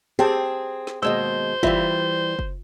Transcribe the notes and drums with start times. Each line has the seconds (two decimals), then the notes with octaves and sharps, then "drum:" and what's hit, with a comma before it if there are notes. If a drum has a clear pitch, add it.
0.19 C4 G4 G#4 G5 A5
0.87 drum: snare
1.02 D#2 B2 G#3 C5 D#5 E6
1.63 E3 G3 F4 E5, drum: kick F#1
2.39 drum: kick F#1